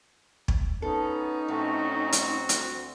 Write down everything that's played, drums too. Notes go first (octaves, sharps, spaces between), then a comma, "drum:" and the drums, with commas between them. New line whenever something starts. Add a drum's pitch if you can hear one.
drum: kick
B3 C#4 D#4 A4
A2 A3 C4 F#4
drum: hi-hat
D2, drum: hi-hat